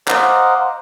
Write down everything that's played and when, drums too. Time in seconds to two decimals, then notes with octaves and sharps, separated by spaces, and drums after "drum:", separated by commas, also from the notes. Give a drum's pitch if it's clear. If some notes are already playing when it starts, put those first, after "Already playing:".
0.08 C5 D#5 F5 F#5 A#5 D6, drum: clap